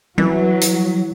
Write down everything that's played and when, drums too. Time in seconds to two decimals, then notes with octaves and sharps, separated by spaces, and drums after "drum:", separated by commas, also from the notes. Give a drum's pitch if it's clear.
0.18 E3 F#3, drum: tom F#3
0.61 drum: hi-hat